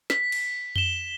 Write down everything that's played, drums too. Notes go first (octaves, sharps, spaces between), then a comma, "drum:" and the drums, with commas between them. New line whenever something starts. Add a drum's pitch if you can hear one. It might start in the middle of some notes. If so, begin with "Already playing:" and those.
B6, drum: snare
drum: cymbal
E7 G7, drum: tom F2